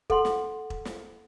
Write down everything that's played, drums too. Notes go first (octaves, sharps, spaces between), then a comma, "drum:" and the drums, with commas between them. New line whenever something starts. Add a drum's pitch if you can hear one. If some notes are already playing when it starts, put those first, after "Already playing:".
A4 F#5 C6, drum: kick E1
drum: snare
drum: kick E1
drum: snare